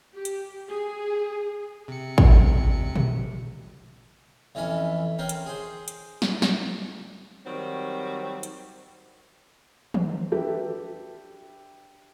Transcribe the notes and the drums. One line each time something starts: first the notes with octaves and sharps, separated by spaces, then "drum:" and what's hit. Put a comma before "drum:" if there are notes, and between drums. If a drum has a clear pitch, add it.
G4
drum: hi-hat
G#4
C3 C#7
drum: kick A1
drum: tom A#2
F2 E3 C#4 A4 B5
C4 C#4 A#4 C5
drum: hi-hat
G#4 C5
drum: hi-hat
drum: snare
drum: snare
D#3 F#3 G3 C4
drum: hi-hat
drum: tom D#3
D4 G4 B4 E5 A5